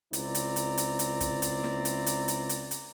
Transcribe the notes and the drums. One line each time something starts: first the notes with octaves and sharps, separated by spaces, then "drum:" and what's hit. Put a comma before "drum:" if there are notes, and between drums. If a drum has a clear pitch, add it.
C#2 C4 E4 D5 A#5, drum: hi-hat
drum: hi-hat
drum: hi-hat
drum: hi-hat
drum: hi-hat
drum: kick, hi-hat
drum: hi-hat
drum: snare
drum: hi-hat
drum: hi-hat
drum: hi-hat
drum: hi-hat
drum: hi-hat